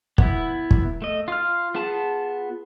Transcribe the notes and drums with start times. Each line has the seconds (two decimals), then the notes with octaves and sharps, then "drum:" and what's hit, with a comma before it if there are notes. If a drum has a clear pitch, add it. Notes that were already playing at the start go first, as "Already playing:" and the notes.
0.18 B3 E4, drum: kick
0.71 drum: kick
1.02 A3 D#5
1.28 F4 F6
1.75 B3 F4 G#4 A5